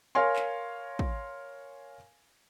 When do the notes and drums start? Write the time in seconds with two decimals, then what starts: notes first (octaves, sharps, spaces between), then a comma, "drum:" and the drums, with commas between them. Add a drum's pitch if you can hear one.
0.15 A#4 C#5 F5 G#5 C6
0.36 drum: clap
0.99 drum: kick